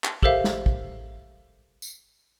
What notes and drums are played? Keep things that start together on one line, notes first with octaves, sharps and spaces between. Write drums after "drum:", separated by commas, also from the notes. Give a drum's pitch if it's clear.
drum: clap
G4 A4 A#4 C5 E5 F5, drum: kick
drum: snare
drum: kick
drum: tambourine